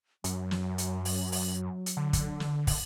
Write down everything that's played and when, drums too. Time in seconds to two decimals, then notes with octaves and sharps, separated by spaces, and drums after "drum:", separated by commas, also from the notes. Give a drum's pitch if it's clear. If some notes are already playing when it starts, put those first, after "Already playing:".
0.24 F#2 F#3, drum: hi-hat
0.51 drum: snare
0.78 drum: hi-hat
1.05 drum: open hi-hat
1.32 drum: open hi-hat
1.86 drum: hi-hat
1.97 D3
2.13 drum: kick, hi-hat
2.40 drum: snare
2.67 drum: kick, open hi-hat